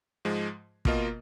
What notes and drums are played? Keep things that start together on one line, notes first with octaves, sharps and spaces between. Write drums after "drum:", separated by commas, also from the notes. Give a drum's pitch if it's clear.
G#2 F3 G#3
B2 A#3 F4 A#4 D#5, drum: kick